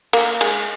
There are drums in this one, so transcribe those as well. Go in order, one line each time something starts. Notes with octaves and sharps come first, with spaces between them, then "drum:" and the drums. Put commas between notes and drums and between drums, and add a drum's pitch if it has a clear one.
A#3, drum: cymbal
G#3, drum: cymbal